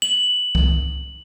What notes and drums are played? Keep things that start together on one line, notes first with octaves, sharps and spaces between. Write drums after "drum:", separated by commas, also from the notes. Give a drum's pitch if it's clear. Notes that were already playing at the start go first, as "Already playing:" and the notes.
F#7
drum: kick C2